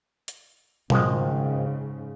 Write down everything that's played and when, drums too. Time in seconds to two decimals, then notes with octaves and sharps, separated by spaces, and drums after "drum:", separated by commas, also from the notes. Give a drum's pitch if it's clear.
0.28 drum: hi-hat
0.90 G#1 G#2 C#3 F3 G#3, drum: tom